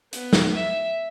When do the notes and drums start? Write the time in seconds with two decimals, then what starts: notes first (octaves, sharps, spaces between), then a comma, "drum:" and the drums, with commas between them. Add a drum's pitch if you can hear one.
0.13 B3, drum: hi-hat
0.33 drum: snare
0.52 E5